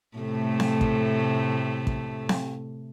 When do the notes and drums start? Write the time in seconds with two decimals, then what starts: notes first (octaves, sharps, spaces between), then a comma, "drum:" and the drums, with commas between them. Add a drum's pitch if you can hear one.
0.17 A2 C3 A3
0.60 drum: snare C4
0.81 drum: kick
1.87 drum: kick
2.29 drum: snare C4